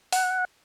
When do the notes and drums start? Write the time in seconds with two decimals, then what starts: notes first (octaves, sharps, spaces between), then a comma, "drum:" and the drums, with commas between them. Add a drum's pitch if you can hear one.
0.13 F#5, drum: open hi-hat